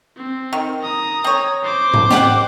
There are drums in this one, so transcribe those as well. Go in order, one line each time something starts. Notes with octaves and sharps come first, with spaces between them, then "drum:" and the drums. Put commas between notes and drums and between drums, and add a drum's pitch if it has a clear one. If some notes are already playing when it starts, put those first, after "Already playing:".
C4
D#3
A#5 D#6
C4 C#5
C5 D6
drum: tom G#2
G4 F#5, drum: snare